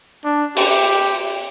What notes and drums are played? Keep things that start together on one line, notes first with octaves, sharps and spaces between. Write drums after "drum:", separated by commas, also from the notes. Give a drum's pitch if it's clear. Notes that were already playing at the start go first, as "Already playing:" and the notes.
D4
G4, drum: open hi-hat